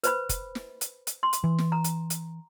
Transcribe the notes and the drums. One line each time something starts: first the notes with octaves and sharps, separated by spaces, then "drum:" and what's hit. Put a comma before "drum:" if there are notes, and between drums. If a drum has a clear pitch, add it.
B4 C5 B5, drum: hi-hat
drum: kick, hi-hat
drum: snare
drum: hi-hat
drum: hi-hat
C6
drum: hi-hat
E3
drum: snare
A#5
drum: hi-hat
drum: hi-hat